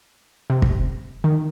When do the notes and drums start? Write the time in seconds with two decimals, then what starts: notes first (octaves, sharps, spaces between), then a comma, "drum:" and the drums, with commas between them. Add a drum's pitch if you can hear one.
0.50 C3
0.62 drum: kick
1.24 D#3